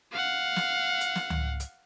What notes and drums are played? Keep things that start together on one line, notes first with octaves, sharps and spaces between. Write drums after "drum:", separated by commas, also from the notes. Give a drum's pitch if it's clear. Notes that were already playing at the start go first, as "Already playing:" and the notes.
F5 F#5
drum: snare
drum: hi-hat
drum: snare
drum: tom C#2
drum: hi-hat